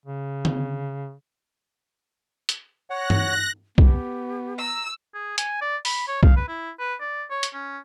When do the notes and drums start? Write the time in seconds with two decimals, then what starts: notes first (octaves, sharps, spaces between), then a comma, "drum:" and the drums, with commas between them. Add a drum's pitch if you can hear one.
0.06 C#3
0.45 drum: tom
2.49 drum: hi-hat
2.90 C#5 F#5 F#6 A#6
3.10 drum: tom G2
3.78 B3 G4, drum: kick B1
4.59 A#5 E6
5.14 G#4
5.38 G#5, drum: hi-hat
5.61 D5
5.85 B5, drum: open hi-hat
6.08 C#5
6.23 F5, drum: kick B1
6.36 B4
6.48 E4
6.80 B4
7.00 D5
7.30 C#5
7.43 drum: hi-hat
7.54 C#4